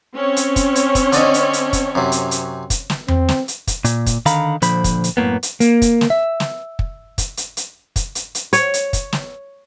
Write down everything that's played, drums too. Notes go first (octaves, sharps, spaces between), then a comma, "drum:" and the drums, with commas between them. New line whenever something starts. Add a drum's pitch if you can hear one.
C4 C#4 C#5
drum: hi-hat
drum: kick, hi-hat
drum: hi-hat
drum: kick, hi-hat
D3 D4 D#5, drum: hi-hat
drum: hi-hat
drum: hi-hat
drum: kick, hi-hat
F#2 C3
drum: hi-hat
drum: hi-hat
drum: kick, hi-hat
drum: snare
C4, drum: tom E2
drum: snare
drum: hi-hat
drum: kick, hi-hat
A#2, drum: hi-hat
drum: kick, hi-hat
D3 D#3 F5 A#5 B5, drum: hi-hat
A#2 D3 F3 C5 B5, drum: hi-hat
drum: kick, hi-hat
drum: hi-hat
F#2 A2 A#3 B3
drum: hi-hat
A#3, drum: hi-hat
drum: kick, hi-hat
drum: snare
E5
drum: snare
drum: kick
drum: kick, hi-hat
drum: hi-hat
drum: hi-hat
drum: kick, hi-hat
drum: hi-hat
drum: hi-hat
C#5, drum: hi-hat
drum: hi-hat
drum: kick, hi-hat
drum: snare